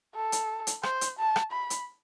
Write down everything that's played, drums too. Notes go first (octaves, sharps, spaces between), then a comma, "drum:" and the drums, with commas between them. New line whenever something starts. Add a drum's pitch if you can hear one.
A4
drum: hi-hat
drum: hi-hat
C5, drum: rim click
drum: hi-hat
A5
drum: rim click
B5
drum: hi-hat